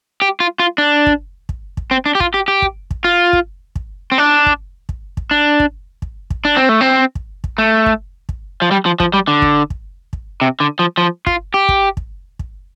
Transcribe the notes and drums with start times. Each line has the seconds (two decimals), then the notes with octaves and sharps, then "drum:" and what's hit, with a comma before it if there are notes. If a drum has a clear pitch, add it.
0.22 G4
0.40 F4
0.59 F4
0.78 D4
1.06 drum: kick
1.49 drum: kick
1.77 drum: kick
1.91 C4
2.06 D4
2.15 G4
2.20 F4, drum: kick
2.34 G4
2.48 G4
2.62 drum: kick
2.91 drum: kick
3.04 F4
3.33 drum: kick
3.76 drum: kick
4.12 C4
4.18 D4
4.46 drum: kick
4.89 drum: kick
5.17 drum: kick
5.31 D4
5.60 drum: kick
6.02 drum: kick
6.30 drum: kick
6.45 D4
6.56 C4
6.69 A3
6.81 C4
7.15 drum: kick
7.44 drum: kick
7.58 A3
7.86 drum: kick
8.29 drum: kick
8.62 F3
8.71 G3
8.86 F3
9.00 F3, drum: kick
9.13 G3
9.28 D3
9.42 drum: kick
9.70 drum: kick
10.13 drum: kick
10.41 C3
10.60 D3
10.79 F3
10.97 F3
11.27 F4, drum: kick
11.54 G4
11.69 drum: kick
11.97 drum: kick
12.39 drum: kick